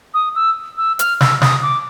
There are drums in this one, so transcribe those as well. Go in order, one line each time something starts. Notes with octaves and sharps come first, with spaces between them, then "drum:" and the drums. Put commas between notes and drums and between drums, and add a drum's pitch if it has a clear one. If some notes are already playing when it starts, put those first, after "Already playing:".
D#6
E6
E6
F6, drum: hi-hat
E6, drum: snare
D#6, drum: snare
D6